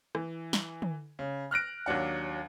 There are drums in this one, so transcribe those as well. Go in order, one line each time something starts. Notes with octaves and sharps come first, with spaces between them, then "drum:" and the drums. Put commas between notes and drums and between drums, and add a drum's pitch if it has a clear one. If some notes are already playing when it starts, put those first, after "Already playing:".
E3, drum: rim click
drum: snare
drum: tom
C#3
F6 F#6 A#6 D7
D#2 F#3 D4 F#5